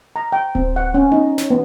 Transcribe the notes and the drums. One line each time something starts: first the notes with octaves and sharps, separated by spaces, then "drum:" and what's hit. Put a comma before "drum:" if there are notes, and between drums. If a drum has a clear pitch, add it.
A#5
G5
C4, drum: kick D1
F#5
C#4
D#4, drum: tom B3
C#5, drum: snare
B3